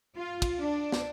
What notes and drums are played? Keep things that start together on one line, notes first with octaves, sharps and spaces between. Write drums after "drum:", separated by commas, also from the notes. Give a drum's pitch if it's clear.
F4
drum: kick, cymbal
D4
drum: snare